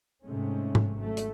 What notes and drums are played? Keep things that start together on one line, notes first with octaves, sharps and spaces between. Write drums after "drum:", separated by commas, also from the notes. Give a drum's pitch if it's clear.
G#2 C3 G#3 A3 C#4
drum: tom G#2
G#1 F#3 A3
drum: hi-hat